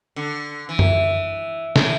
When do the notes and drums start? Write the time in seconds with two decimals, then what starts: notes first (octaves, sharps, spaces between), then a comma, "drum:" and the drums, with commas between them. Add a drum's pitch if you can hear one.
0.16 D3
0.69 E3
0.79 drum: tom F#2
1.76 E3, drum: snare